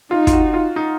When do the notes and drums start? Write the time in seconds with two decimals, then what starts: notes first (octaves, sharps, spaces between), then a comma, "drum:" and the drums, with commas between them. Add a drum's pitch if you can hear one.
0.11 D#4 F4
0.27 F4, drum: kick, hi-hat
0.33 F#4
0.54 F4
0.76 D#4